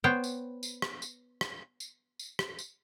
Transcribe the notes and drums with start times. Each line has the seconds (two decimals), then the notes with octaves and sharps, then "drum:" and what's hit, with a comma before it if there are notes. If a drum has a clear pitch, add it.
0.04 B3 C5 C#5 G5
0.24 drum: tambourine
0.63 drum: tambourine
0.82 drum: rim click
1.02 drum: tambourine
1.41 drum: rim click
1.80 drum: tambourine
2.19 drum: tambourine
2.39 drum: rim click
2.59 drum: tambourine